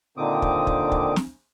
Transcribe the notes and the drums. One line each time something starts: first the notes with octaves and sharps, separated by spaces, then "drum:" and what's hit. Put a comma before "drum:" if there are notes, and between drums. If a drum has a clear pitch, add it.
A#2 D3 D#3 C4 D6 D#6
drum: kick
drum: kick
drum: kick
drum: snare